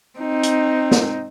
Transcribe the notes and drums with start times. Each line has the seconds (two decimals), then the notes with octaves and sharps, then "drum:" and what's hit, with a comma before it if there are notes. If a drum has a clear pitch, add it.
0.19 C4 D#4
0.43 drum: hi-hat
0.91 drum: snare